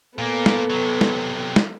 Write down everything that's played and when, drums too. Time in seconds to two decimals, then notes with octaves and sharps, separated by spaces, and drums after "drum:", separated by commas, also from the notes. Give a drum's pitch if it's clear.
0.18 A#2 A#3 B3 A4
0.46 drum: snare
0.70 C3 F#3
1.01 drum: snare
1.56 drum: snare